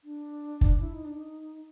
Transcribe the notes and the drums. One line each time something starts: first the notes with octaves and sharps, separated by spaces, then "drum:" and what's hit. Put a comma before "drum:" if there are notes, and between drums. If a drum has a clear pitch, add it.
D4
drum: kick
E4
D#4
D4
D#4